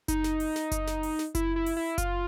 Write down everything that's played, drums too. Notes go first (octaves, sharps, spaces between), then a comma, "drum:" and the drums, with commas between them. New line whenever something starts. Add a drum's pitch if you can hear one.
D#4, drum: kick F#1, hi-hat
drum: snare
drum: open hi-hat
drum: snare
drum: kick F#1, hi-hat
drum: snare
drum: open hi-hat
drum: snare
E4, drum: kick F#1, hi-hat
E4
drum: open hi-hat
E4
F4, drum: kick F#1, hi-hat